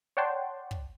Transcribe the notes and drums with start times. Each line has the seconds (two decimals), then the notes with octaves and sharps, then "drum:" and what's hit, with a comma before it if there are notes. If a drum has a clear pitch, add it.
0.17 C#5 D5 F#5 G5 A5 C6
0.71 drum: kick